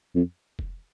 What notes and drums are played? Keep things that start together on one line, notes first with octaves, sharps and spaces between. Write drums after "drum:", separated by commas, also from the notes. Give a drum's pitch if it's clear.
F2
drum: kick F1